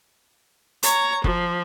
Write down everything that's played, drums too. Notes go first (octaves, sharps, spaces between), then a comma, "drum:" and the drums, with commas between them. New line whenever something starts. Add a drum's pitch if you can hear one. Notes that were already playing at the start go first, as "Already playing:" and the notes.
C#5 A#5, drum: hi-hat
F3, drum: kick F#1